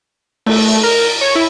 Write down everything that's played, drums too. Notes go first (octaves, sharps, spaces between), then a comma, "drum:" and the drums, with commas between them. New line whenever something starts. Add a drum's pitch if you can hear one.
A3, drum: cymbal
A#4
C#5
E4